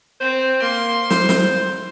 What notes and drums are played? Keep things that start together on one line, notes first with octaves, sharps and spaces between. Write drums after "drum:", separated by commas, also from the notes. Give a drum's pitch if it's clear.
C4 C5
A#3 C6
C5, drum: snare
drum: snare